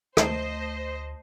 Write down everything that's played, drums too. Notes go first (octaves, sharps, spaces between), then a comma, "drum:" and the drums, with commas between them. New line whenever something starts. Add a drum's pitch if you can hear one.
D2 A3 C5 D#5 A5 C7, drum: rim click